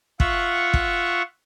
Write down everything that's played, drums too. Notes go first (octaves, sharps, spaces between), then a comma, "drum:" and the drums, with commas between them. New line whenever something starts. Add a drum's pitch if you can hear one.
F4 E5 F#5 C#6, drum: kick
drum: kick